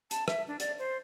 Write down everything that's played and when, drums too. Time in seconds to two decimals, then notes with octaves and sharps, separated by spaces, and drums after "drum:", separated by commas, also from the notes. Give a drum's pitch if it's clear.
0.11 A5, drum: hi-hat
0.28 E5, drum: rim click
0.48 D4
0.60 D5, drum: hi-hat
0.79 C5